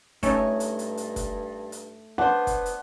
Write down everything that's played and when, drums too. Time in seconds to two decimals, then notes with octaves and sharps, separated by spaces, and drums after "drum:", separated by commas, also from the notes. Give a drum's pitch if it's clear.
0.23 G2 A3 C#4 D#4 C#5, drum: kick, hi-hat
0.60 drum: hi-hat
0.79 drum: hi-hat
0.97 drum: hi-hat
1.16 drum: kick, hi-hat
1.72 drum: hi-hat
2.18 B3 D4 C5 F#5
2.47 drum: kick, hi-hat
2.66 drum: hi-hat